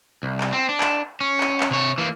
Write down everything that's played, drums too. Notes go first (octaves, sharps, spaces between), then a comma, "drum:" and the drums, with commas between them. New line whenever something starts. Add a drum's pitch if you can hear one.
C2
drum: clap
C4
D4
drum: clap
C#4
drum: clap
drum: clap
C3 C#5
E3 A#3